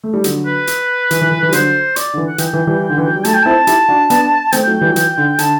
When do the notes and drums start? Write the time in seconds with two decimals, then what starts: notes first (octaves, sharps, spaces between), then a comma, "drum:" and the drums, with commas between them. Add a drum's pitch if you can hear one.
0.03 A3
0.14 G3
0.24 D3 F#3, drum: hi-hat
0.46 B4
0.67 drum: hi-hat
1.11 E3, drum: hi-hat
1.21 E3
1.31 E3
1.43 E3
1.49 G3
1.52 D3 F#3 C5, drum: hi-hat
1.96 D5, drum: hi-hat
2.13 D3
2.17 E3
2.28 F#5
2.38 E3 G5, drum: hi-hat
2.53 E3
2.67 E3 G3
2.90 D3
2.98 E3
3.07 F#3
3.16 G3
3.25 F#3 A3 A5, drum: hi-hat
3.34 G5
3.43 C4 E4 A5
3.67 E4 G4, drum: hi-hat
3.89 D4 F#4
4.10 B3 D4, drum: hi-hat
4.52 A3 C4 G5, drum: hi-hat
4.67 F#3 A3
4.81 E3 G3
4.89 F#3
4.96 E3, drum: hi-hat
5.17 D3
5.39 D3 A5, drum: hi-hat